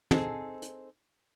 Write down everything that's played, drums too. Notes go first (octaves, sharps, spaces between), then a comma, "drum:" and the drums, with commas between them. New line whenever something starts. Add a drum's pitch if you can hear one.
C4 D#4 G#4 A4, drum: tom
drum: hi-hat